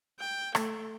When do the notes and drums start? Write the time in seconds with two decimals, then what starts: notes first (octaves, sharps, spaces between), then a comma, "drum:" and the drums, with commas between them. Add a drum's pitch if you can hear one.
0.20 G5
0.55 A3, drum: rim click